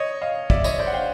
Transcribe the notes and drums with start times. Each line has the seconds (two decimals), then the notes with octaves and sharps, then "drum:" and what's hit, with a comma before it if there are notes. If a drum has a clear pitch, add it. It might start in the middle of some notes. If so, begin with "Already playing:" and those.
Already playing: C#5 D#5
0.22 D#5 F5
0.50 D5 E5, drum: kick
0.64 C#5 D#5, drum: tambourine
0.79 C5 D5
0.87 F#5
0.93 F5 G5